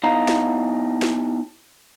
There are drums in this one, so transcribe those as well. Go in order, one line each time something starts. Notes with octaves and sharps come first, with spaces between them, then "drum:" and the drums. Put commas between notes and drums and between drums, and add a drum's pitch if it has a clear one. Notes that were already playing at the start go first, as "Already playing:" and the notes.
B3 D#4 E4 D#5 F5 A#5
drum: snare
drum: snare